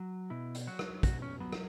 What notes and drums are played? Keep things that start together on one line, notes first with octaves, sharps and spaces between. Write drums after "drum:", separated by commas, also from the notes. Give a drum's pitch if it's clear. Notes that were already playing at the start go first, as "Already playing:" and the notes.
Already playing: F#3
B2 E4
drum: hi-hat
F#3 F#4
drum: rim click
B2 F#4, drum: kick, hi-hat
C#4
F#3 B3
drum: rim click